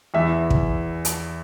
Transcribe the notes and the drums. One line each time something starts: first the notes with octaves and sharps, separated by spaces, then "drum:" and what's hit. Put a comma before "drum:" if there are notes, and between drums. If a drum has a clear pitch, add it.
E2 E3 E5
drum: kick
drum: hi-hat